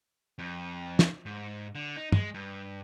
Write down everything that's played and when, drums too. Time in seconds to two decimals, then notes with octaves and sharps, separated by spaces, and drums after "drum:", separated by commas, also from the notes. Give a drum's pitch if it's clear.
0.39 F2
0.99 drum: snare
1.26 G#2
1.75 D3
1.97 D#4
2.12 G#3, drum: tom
2.34 G2